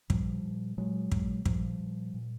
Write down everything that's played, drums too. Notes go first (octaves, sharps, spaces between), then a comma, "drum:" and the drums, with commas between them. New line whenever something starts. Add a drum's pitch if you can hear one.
A#2 F3 G3, drum: kick
A#2
A#2 F#3 G#3
A#2, drum: kick
A#2 F3 G3, drum: kick
A#2
A#2